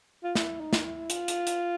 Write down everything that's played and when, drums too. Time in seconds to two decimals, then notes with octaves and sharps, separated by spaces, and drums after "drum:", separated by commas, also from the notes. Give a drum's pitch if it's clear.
0.24 F4
0.35 E4, drum: snare
0.60 D#4
0.73 drum: snare
0.85 E4
1.10 F4, drum: hi-hat
1.28 drum: hi-hat
1.47 drum: hi-hat